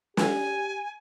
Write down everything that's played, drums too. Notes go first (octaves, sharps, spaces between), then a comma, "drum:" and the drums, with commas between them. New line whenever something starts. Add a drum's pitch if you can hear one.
G4 G#5, drum: snare